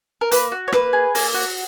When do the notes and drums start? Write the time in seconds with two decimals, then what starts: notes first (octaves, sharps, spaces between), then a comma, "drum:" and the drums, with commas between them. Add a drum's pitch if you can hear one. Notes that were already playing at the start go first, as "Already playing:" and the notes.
0.21 A#4
0.31 A#3 B4, drum: hi-hat
0.52 F#4
0.68 C#5
0.72 A#3 B4, drum: rim click
0.93 G#4
1.15 A#3, drum: open hi-hat
1.34 F#4